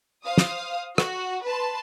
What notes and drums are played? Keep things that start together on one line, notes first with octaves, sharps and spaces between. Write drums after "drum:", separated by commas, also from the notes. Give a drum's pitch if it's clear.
C5 F5 D#6
drum: snare
F#4, drum: rim click
B4 A5 C6